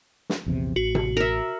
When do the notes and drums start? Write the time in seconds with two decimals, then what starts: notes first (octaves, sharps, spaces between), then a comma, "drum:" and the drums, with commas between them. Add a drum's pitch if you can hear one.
0.29 drum: snare
0.46 A#1 E2 C3
0.76 A1 F#4
0.95 drum: tom C3
1.17 A#4 E5